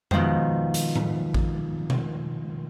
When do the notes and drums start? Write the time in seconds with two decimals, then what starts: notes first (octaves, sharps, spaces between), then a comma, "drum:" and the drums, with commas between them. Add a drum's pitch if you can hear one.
0.11 B2 D#3 F3 G#3 C5, drum: tom F2
0.74 drum: hi-hat
0.96 drum: tom A2
1.34 drum: kick A1
1.90 drum: tom B2